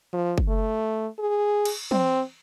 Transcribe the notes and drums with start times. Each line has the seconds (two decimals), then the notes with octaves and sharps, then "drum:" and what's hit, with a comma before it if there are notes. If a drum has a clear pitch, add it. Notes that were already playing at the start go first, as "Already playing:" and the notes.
0.13 F3
0.38 drum: kick F#1
0.49 A3
1.19 G#4
1.65 drum: cymbal
1.91 C4, drum: tom